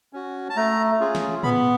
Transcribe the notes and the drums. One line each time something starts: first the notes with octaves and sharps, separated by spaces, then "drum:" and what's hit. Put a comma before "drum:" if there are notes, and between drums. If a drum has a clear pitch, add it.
C#4 F#4
A5
A3 A#5
C#4 F4 G#4
drum: snare
B3 B5, drum: tom A2